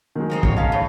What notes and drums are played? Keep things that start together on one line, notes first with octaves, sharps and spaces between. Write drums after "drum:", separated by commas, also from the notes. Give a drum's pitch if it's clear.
D#3 F#3 G#3
F3 C4 D#4
F#2 C#5, drum: kick
C#4 F5 A5 A#5
C#3 A3 C#5 B5